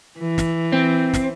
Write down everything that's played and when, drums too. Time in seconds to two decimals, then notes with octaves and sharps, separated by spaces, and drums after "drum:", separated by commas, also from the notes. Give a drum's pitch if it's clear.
0.19 E3
0.38 drum: snare
0.72 C4
1.14 drum: snare